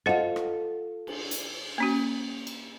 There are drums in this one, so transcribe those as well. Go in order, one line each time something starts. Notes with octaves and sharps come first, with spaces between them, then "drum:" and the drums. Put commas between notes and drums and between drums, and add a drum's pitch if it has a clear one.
F4 A4 C5 D#5 F#5
drum: rim click
drum: cymbal
drum: hi-hat
A#3 C#4 F#4
drum: cymbal